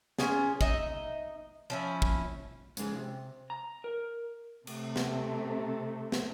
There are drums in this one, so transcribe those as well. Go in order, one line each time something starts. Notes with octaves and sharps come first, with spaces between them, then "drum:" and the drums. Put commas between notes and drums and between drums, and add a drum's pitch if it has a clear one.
C#4 F4 G#4 G#5, drum: snare
D#4 D#5 E5, drum: kick
F3 C#4 E4
drum: kick
G#2 C#3 G#3, drum: hi-hat
C3
A#5
A#4
C3 A3, drum: cymbal
drum: snare
drum: snare